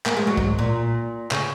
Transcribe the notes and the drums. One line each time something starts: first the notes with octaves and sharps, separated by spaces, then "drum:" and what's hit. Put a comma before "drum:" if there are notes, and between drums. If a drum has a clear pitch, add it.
A#3, drum: clap
G#3
F#3
G#2, drum: kick
A#2
C#3, drum: clap